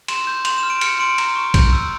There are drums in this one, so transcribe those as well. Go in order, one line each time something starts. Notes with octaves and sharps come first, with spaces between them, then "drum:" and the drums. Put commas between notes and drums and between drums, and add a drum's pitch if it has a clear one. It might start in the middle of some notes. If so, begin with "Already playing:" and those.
C6 E7, drum: cymbal
G6
C6 F7, drum: cymbal
E7
F6
D7
F6 C#7, drum: cymbal
C6 D7
A#5, drum: cymbal
C#6
G6, drum: kick A#1, cymbal
E6